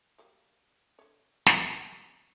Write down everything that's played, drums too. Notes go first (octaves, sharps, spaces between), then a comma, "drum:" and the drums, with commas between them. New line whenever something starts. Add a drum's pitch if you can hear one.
F#3 G3 A#3
D3 C#5
drum: snare